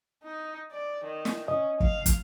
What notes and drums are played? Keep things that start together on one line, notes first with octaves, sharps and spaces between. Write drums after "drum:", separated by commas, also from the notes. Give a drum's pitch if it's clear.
D#4
D5
D#3
drum: snare
C#4 D#5
F5, drum: kick
drum: kick, hi-hat